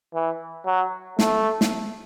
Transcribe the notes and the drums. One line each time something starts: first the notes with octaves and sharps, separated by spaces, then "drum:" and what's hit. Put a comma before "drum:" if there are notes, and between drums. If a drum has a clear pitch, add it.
E3
F#3
A3, drum: snare
drum: snare